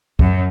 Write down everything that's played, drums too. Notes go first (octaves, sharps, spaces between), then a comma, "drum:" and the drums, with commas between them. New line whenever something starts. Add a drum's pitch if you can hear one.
F#2, drum: kick